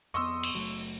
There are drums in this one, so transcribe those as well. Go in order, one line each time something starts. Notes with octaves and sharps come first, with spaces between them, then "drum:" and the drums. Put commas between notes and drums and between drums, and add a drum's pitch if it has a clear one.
F2 B3 D#5 C6 C#6 D#6 E6
drum: cymbal
F#1 F#3 A3